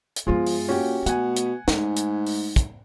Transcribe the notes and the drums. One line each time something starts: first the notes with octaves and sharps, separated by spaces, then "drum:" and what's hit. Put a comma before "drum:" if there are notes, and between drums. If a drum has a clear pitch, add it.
drum: hi-hat
G2 F3 G#3 B3 F4
drum: open hi-hat
A#2 C#4 F#4 G4
B2 A3 F#5 G#5, drum: hi-hat
drum: hi-hat
G#2 A3, drum: snare
drum: hi-hat
drum: open hi-hat
drum: kick, hi-hat